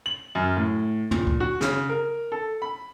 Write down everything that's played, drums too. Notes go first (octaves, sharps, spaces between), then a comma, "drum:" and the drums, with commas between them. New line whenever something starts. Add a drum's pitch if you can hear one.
F#7
F#2
A2
A#2, drum: tom
drum: kick D2
F#4
C#3, drum: snare
A#4
A4
B5